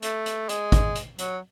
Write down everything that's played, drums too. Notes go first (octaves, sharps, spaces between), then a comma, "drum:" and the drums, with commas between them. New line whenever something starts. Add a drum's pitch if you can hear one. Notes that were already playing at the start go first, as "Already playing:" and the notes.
A3, drum: hi-hat
drum: hi-hat
G#3, drum: hi-hat
drum: kick, hi-hat
drum: hi-hat
F#3, drum: hi-hat